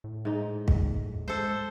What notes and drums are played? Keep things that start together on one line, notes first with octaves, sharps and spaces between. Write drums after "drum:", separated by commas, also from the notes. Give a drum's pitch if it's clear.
A2
G#2 D#4
drum: kick
G#3 A4 C5